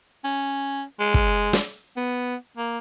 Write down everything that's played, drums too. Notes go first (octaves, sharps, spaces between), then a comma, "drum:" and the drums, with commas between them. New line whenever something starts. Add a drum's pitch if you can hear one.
C#4
G#3
drum: kick
drum: snare
B3
A#3